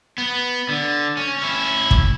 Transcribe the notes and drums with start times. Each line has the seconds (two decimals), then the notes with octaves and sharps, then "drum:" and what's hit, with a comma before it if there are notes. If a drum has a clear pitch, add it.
0.18 B3
0.69 D3
1.17 C#4
1.38 C#4 E4
1.91 drum: kick